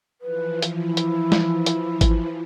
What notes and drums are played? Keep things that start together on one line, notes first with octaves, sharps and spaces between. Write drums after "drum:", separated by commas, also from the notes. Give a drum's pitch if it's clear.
E3 F3 B4
drum: hi-hat
E4
drum: hi-hat
drum: snare
drum: hi-hat
drum: kick G#1, hi-hat